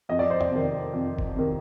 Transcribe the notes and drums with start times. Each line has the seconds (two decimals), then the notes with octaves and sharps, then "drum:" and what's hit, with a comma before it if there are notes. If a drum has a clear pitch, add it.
0.09 F2 D#5
0.19 D5
0.30 C5
0.41 D5, drum: tom E2
0.51 C3 D#3
0.93 F2
1.19 drum: kick
1.35 C3 D#3